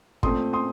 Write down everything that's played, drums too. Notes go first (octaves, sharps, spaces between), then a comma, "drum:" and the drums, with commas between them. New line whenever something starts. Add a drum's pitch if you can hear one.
A#2 A3 C4 C6 D#6, drum: kick
C6 D#6